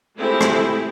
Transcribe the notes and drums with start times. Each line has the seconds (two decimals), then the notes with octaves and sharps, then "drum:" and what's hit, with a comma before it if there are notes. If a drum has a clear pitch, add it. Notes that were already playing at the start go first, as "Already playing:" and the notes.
0.18 G#3 A3 C4 E4 G4 G#4
0.41 drum: rim click